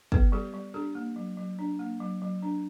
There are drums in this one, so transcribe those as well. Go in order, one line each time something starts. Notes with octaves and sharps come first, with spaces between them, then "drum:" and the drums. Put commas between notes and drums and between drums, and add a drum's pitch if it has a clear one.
B3 A4 B4, drum: kick
G3 G4 A4
G3
D4 G4 A4
A#3
F#3
F#3
D4
A#3
F#3
F#3
D4